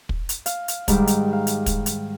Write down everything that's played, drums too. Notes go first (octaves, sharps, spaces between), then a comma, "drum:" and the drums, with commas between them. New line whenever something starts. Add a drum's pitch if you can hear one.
drum: kick
drum: hi-hat
F5, drum: hi-hat
drum: hi-hat
G#2 D#3 G3, drum: kick, hi-hat
drum: hi-hat
F5
drum: hi-hat
drum: kick, hi-hat
drum: hi-hat